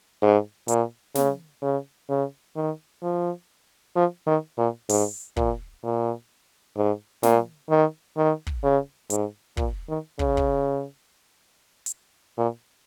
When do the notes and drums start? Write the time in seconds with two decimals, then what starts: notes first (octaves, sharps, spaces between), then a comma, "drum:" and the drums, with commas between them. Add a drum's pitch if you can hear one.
0.22 G#2
0.68 A#2, drum: hi-hat
1.15 C#3, drum: snare
1.62 C#3
2.09 C#3
2.56 D#3
3.03 F3
3.96 F3
4.27 D#3
4.58 A#2
4.89 G#2, drum: open hi-hat
5.36 A#2, drum: kick
5.83 A#2
6.77 G#2
7.23 A#2, drum: snare
7.70 D#3
8.17 D#3
8.47 drum: kick
8.63 C#3
9.10 G#2, drum: hi-hat
9.57 A#2, drum: kick
9.89 D#3
10.19 C#3, drum: kick
10.37 drum: kick
11.86 drum: hi-hat
12.38 A#2